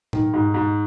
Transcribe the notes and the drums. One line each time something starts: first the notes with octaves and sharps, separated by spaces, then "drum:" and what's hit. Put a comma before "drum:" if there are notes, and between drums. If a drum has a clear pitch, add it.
D#3, drum: tom A2
G#2
G#2